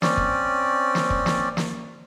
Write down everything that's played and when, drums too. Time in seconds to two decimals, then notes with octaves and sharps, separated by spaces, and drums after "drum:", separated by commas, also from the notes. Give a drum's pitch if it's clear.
0.02 C4 C#4 D5, drum: snare
0.17 drum: kick
0.95 drum: snare
1.10 drum: kick
1.26 drum: snare
1.57 drum: snare